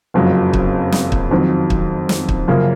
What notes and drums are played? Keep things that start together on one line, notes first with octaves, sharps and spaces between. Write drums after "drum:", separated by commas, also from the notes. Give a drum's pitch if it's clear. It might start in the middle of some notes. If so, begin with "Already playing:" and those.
F#1 F2 C#3 F#3
drum: kick
drum: snare
drum: kick
F2 D#3 F#3 C4
drum: kick
drum: snare
drum: kick
F#2 C#3 F3 A#3